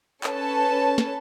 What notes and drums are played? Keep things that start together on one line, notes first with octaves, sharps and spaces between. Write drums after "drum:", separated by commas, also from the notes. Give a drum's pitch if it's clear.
C#4 A4 B4 C#5 A5, drum: clap
drum: snare